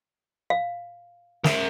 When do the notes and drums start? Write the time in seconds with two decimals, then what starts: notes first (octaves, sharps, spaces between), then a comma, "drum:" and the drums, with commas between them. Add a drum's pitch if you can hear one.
0.50 F5
1.44 A#4 E5, drum: snare